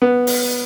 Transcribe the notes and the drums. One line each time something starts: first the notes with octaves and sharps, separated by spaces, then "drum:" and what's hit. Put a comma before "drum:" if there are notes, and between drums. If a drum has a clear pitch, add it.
B3
drum: open hi-hat